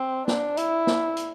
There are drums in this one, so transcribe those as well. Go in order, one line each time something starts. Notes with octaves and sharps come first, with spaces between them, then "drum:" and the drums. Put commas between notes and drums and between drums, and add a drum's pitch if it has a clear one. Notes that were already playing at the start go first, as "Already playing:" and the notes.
Already playing: C4
D4, drum: snare
E4, drum: hi-hat
drum: snare
drum: hi-hat